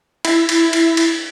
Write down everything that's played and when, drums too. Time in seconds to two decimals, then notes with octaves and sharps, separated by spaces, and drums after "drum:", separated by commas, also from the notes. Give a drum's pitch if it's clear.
0.25 E4, drum: cymbal
0.49 drum: cymbal
0.73 drum: cymbal
0.97 drum: cymbal